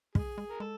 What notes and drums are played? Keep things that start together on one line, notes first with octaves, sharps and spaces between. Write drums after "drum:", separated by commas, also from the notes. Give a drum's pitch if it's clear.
G#3 G#4, drum: kick
G#3
A#4
G#3 A4